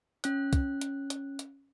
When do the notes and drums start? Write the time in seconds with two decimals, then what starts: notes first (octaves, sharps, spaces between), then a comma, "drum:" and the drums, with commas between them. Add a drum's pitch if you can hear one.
0.24 C#4 F#6, drum: hi-hat
0.53 drum: kick, hi-hat
0.81 drum: hi-hat
1.10 drum: hi-hat
1.39 drum: hi-hat